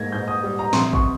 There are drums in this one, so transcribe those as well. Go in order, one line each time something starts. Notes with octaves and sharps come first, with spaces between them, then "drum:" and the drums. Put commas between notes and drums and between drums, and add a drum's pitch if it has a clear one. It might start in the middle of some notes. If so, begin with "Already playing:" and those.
Already playing: G#2 A#3 G#6 A#6
G#2 G6
D#6
G3
A#5
C3 C6, drum: snare
C#6, drum: kick